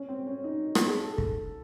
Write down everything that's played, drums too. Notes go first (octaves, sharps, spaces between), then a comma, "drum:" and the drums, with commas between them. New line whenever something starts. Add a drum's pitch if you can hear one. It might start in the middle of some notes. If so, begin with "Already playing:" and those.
Already playing: C#4
C4
C#4
D#4
drum: rim click
G#4
A4
drum: kick